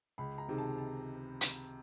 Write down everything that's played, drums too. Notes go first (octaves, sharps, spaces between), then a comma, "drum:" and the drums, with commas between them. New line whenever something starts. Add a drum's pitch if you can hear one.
C#2 B5
A#5
C3 D#3 G#3
A5
A5
drum: hi-hat